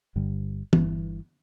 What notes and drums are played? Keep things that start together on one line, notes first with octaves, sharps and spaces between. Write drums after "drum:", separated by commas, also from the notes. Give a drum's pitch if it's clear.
G1 G2 D3 G3
G1 G2 E3, drum: tom